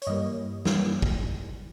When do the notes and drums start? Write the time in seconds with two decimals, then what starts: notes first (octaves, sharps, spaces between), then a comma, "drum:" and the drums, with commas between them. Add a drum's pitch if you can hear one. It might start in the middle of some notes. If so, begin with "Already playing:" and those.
0.02 C#5, drum: hi-hat
0.07 G2 E3 G3 A#3 D#5
0.65 G2 E3 G3 A#3, drum: snare
1.02 drum: kick